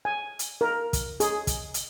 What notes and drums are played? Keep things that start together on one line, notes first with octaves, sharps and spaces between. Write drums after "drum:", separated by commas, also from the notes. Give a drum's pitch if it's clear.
G#5
drum: hi-hat
A#4
drum: kick, hi-hat
G#4, drum: hi-hat
drum: kick, hi-hat
drum: hi-hat